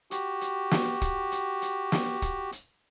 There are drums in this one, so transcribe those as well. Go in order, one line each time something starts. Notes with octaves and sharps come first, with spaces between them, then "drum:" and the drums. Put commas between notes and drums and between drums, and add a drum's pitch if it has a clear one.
F#4 G4, drum: hi-hat
drum: hi-hat
drum: snare
drum: kick, hi-hat
drum: hi-hat
drum: hi-hat
drum: snare
drum: kick, hi-hat
drum: hi-hat